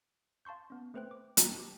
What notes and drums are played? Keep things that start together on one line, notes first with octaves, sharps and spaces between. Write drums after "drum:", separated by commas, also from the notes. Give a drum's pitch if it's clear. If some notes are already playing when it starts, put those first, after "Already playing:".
F5 A5 C6 C#6 G6
B3 C#4
A3 C4 B4 C5 G5 F#6
D6
G5 A5 A#5 C#6, drum: hi-hat
G4 D6